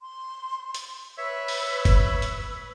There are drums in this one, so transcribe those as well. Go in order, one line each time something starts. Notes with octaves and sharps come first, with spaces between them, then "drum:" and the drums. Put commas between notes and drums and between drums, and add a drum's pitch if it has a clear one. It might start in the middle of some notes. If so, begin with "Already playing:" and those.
C6
drum: hi-hat
B4 C#5 E5 E6
drum: open hi-hat
drum: kick F#1, hi-hat
drum: hi-hat